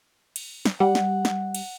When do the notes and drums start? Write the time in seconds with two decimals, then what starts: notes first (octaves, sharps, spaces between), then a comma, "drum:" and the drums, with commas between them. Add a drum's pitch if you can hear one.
0.36 drum: cymbal
0.65 drum: snare
0.80 G3 F#5
0.95 drum: snare
1.25 drum: snare
1.55 drum: cymbal